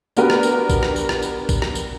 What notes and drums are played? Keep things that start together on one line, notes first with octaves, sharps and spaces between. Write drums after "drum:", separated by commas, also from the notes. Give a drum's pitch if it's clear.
B3 D4 F#4 G4 A#4 B4, drum: tambourine
drum: rim click
drum: tambourine
drum: kick, tambourine
drum: rim click
drum: tambourine
drum: rim click
drum: tambourine
drum: kick, tambourine
drum: rim click
drum: tambourine